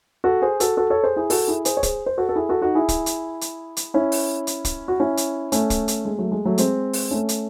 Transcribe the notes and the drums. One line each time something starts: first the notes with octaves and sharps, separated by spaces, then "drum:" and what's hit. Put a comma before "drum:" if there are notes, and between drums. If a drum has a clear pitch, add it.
F#4 A4
G#4 C5
F#4 A4, drum: hi-hat
F#4 A4
A4 C#5
G#4 C5
E4 G#4
F#4 A4, drum: open hi-hat
E4 G#4
G#4 C5, drum: hi-hat
C#5
G#4 C5, drum: kick, hi-hat
C5
F#4 A4
A4
E4 G#4
F#4 A4
D#4 F#4
E4 G#4
drum: kick, hi-hat
drum: hi-hat
drum: hi-hat
drum: hi-hat
C#4 E4
drum: open hi-hat
drum: hi-hat
drum: kick, hi-hat
F#4
C#4 E4
drum: hi-hat
A3 C#4, drum: hi-hat
drum: kick, hi-hat
drum: hi-hat
G#3
F#3 A3
G#3
F#3 A3
G#3 C4, drum: hi-hat
drum: open hi-hat
A3 C#4
drum: hi-hat